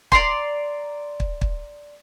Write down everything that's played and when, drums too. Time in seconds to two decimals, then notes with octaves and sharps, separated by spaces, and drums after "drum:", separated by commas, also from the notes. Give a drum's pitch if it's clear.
0.12 D5 A#5 C6, drum: kick
1.20 drum: kick
1.41 drum: kick